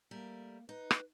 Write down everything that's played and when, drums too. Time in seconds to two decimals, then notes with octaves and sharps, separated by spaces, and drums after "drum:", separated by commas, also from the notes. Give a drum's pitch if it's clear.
0.11 G3 A3 A#3 A#4
0.69 D#4 B4
0.91 drum: rim click